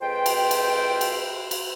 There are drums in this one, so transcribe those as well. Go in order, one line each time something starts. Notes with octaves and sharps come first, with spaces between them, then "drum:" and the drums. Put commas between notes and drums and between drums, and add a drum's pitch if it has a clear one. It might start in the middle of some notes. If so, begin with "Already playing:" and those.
F2 G#3 F4 B4 C5 G5
drum: cymbal
drum: cymbal
drum: cymbal
drum: cymbal